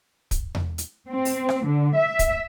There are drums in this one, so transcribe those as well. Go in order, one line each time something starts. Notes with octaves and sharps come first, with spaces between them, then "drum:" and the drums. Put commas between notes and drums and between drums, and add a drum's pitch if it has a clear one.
drum: kick, hi-hat
drum: tom E2
drum: hi-hat
C4
drum: open hi-hat
drum: rim click
D3
E5
drum: kick, hi-hat